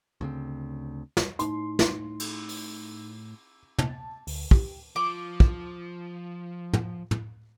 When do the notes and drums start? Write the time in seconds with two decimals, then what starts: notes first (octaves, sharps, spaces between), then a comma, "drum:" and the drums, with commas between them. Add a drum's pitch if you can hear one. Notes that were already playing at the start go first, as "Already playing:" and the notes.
0.21 D2 C#3 C4
1.17 drum: snare
1.39 A2 D#4 C6, drum: hi-hat
1.79 drum: snare
2.20 drum: cymbal
2.49 drum: open hi-hat
3.79 A5, drum: tom
4.27 D2, drum: open hi-hat
4.51 G4, drum: kick
4.96 F3 D6
5.40 drum: kick
6.73 drum: tom
7.11 drum: tom